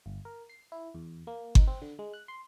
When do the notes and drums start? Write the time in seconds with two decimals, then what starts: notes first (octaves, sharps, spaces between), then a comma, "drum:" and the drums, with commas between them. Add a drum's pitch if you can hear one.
0.06 G1
0.25 A#4
0.49 C7
0.72 E4
0.94 E2
1.27 A#3
1.55 D#4, drum: kick G1
1.68 C4
1.82 D3
1.99 G#3
2.14 F#6
2.28 C6